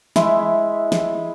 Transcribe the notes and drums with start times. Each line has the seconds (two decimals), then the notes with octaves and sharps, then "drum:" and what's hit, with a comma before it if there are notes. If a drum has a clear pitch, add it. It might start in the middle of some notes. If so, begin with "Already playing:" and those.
0.16 G#3 E4 E5, drum: snare
0.92 drum: snare